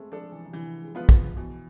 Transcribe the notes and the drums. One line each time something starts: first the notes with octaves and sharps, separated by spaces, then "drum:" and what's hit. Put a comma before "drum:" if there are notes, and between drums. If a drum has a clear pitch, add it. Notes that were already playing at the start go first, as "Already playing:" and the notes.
Already playing: G#3 A3 C4
F3 D4 A4
E3
C3
D3 E3
G#3
F3 B3 F4 B4
drum: kick
F3
B2 E3